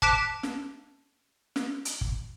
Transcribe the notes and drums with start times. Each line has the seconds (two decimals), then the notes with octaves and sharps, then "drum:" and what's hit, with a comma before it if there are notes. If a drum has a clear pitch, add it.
0.02 A5 D6 F#6 B6 D7 E7, drum: kick
0.43 drum: snare
1.56 drum: snare
1.85 drum: hi-hat
2.01 drum: kick